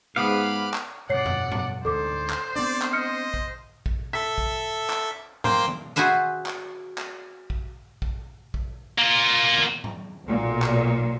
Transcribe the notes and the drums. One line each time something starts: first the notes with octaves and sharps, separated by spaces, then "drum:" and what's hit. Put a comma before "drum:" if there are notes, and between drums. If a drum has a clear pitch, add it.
G#2 B3 G#4 B4 F5 B5 D6 F6
drum: clap
G2 B2 C#5 D5 F#5 C7
drum: tom F2
drum: tom G#2
D2 G#2 A4 C5 D5 D6
drum: clap
B3 C4 D4 D5
drum: clap
D#5 F6 C#7
drum: kick A#1
drum: kick A#1
A4 E5 B6
drum: kick A#1
drum: clap
A#3 C5 G5 C6, drum: tom G#2
drum: tom D#3
F#4 G#4 B4 C5 E5
drum: clap
drum: clap
drum: kick A#1
drum: kick A#1
drum: kick A#1
A#3 F4
drum: tom D#3
drum: tom G#2
B1 A#2
drum: clap